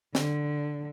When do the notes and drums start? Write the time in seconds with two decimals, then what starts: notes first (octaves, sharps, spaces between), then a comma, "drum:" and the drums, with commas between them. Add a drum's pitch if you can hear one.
0.15 D3, drum: snare